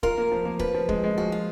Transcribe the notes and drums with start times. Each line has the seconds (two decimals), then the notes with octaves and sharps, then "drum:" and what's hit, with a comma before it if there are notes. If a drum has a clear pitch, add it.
0.03 F4 A#4, drum: kick
0.18 A#3
0.32 F3
0.45 A#3
0.59 F3 B4, drum: kick
0.74 F3
0.89 G#3, drum: kick
1.04 G#3
1.17 F3 F#4
1.32 F4